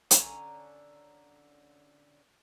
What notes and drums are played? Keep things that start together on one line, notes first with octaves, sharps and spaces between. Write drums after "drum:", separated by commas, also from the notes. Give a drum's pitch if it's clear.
D3 C#4 G#5 A#5, drum: hi-hat